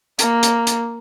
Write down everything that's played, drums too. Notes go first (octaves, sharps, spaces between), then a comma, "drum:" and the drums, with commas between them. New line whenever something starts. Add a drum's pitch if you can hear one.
A#3, drum: hi-hat
drum: hi-hat
drum: hi-hat